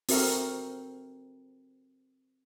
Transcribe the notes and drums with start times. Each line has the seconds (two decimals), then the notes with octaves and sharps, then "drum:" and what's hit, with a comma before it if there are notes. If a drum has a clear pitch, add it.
0.09 C4 F#4 A4 A#4 E5, drum: open hi-hat